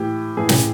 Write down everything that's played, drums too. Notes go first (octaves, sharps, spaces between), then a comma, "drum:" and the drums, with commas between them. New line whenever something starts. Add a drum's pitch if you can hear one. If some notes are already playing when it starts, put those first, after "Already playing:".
Already playing: A2 E3 G4
A2 E3 G#4
drum: snare